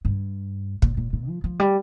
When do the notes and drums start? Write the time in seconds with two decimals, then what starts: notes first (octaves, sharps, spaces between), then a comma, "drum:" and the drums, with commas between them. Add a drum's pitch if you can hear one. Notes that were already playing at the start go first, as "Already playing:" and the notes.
0.05 G2
0.82 A#2, drum: kick
0.97 A#2
1.13 A#2
1.28 F3
1.44 F3
1.60 G3